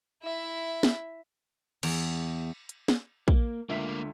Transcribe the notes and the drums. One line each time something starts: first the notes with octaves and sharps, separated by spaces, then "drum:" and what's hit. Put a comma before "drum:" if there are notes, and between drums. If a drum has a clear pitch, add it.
E4 E5
drum: snare
E2, drum: cymbal
drum: hi-hat
drum: snare
A#3, drum: kick
C#2 D3 A3 A#3 E5 B6